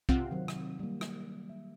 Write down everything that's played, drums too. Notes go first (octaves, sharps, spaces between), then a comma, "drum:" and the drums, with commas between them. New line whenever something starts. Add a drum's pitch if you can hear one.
C3 C4 F4 F5 F#5, drum: kick
D#3 F#3
drum: rim click
G3 A#3
drum: rim click
E5